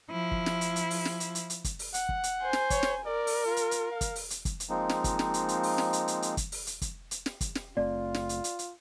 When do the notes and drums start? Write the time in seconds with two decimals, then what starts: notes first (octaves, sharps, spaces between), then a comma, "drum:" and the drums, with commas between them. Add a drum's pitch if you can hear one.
0.11 F3 E4
0.31 drum: kick
0.46 drum: snare
0.61 drum: hi-hat
0.76 drum: hi-hat
0.91 drum: open hi-hat
1.05 drum: snare
1.20 drum: hi-hat
1.35 drum: hi-hat
1.50 drum: hi-hat
1.64 drum: kick, hi-hat
1.79 drum: open hi-hat
1.94 F#5, drum: hi-hat
2.09 drum: kick
2.24 drum: hi-hat
2.42 C5 G#5
2.53 drum: snare
2.70 C#5, drum: kick, hi-hat
2.83 drum: snare
3.06 A#4 D5
3.27 drum: open hi-hat
3.46 F4
3.56 drum: hi-hat
3.71 drum: hi-hat
3.91 F5
4.01 drum: kick, hi-hat
4.16 drum: open hi-hat
4.30 drum: hi-hat
4.45 drum: kick, hi-hat
4.60 drum: hi-hat
4.69 F3 G#3 A#3 C4 D#4
4.89 drum: snare
5.04 drum: kick, hi-hat
5.19 drum: snare
5.34 drum: hi-hat
5.49 drum: hi-hat
5.63 drum: open hi-hat
5.78 drum: snare
5.93 drum: hi-hat
6.08 drum: hi-hat
6.22 drum: hi-hat
6.37 drum: kick, hi-hat
6.52 drum: open hi-hat
6.67 drum: hi-hat
6.81 drum: kick, hi-hat
7.11 drum: hi-hat
7.26 drum: snare
7.41 drum: kick, hi-hat
7.55 drum: snare
7.77 F#1 A3 C4 F4 D5
8.14 drum: snare
8.29 drum: hi-hat
8.44 drum: hi-hat
8.59 drum: hi-hat